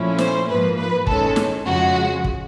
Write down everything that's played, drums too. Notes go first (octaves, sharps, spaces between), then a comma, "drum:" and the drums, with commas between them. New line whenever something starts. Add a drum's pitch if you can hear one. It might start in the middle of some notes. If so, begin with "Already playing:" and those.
Already playing: A#2 F3 A3 C#4 E4
C5, drum: snare
G#2 F3 A#3 B4
B4
D#3 G#3 C#4 A4, drum: kick
drum: snare
F2 C#3 F3 G#3 F#4
drum: kick